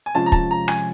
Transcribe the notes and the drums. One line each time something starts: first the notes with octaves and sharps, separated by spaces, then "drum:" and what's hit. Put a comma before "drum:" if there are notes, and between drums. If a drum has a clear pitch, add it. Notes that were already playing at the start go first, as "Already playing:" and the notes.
G#5
C3 F3 G#3 C#4 F4 A5
A#5
A5, drum: kick
A#5
G#5, drum: rim click